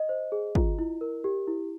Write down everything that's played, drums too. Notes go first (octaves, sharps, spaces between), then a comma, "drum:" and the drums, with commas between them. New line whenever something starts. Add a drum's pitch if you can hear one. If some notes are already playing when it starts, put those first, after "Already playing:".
Already playing: D#5
C5
G#4
F4, drum: kick
E4
A#4
G4
E4